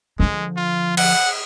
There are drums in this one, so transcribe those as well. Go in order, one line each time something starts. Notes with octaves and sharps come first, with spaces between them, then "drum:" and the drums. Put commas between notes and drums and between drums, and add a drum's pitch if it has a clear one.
D3 F3 G#3
F4
F#5, drum: cymbal